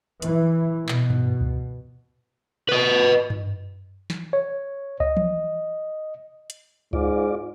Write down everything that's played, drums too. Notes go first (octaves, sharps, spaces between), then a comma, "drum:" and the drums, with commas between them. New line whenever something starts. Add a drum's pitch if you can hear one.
E3, drum: hi-hat
B2, drum: clap
drum: tom G2
drum: kick
B4 D#5
drum: tom G2
drum: snare
C#5
D#5, drum: kick
drum: tom E3
drum: hi-hat
G#2 F4 D5, drum: kick